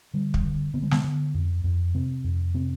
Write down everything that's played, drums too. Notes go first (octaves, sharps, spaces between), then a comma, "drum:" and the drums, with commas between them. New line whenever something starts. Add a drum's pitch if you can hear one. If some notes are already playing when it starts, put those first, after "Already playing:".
D3 G3
drum: kick
D3
D3 B3
G#3
B3, drum: snare
D3
F2
F2
C3 C4
F2
C3 C4